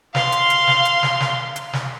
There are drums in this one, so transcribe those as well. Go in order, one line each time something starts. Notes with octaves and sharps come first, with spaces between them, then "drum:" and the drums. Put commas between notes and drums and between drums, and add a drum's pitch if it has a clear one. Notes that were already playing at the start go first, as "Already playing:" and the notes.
F5 C6, drum: snare
drum: hi-hat
drum: hi-hat
drum: snare
drum: hi-hat
drum: snare
drum: snare
drum: hi-hat
drum: snare